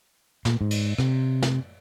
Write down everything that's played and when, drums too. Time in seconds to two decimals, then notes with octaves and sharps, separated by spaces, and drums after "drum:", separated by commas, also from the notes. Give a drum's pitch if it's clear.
0.45 A#2, drum: snare
0.61 G#2
0.71 drum: cymbal
0.98 C3, drum: rim click
1.42 drum: snare